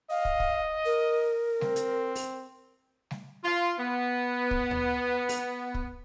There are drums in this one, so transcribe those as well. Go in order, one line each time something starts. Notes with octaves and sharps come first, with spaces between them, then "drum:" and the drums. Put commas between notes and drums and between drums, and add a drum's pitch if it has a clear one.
D#5 F5
drum: kick
drum: kick
A#4
C4, drum: snare
drum: hi-hat
drum: open hi-hat
drum: snare
F4
B3
drum: kick
drum: tom D2
drum: open hi-hat
drum: kick